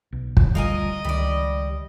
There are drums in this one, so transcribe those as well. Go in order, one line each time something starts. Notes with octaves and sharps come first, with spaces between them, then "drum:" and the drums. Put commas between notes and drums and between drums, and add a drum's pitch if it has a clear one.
B1
drum: kick
D2 G3 F4 A#4 D#5 G#5
C#2 D#3 G3 D5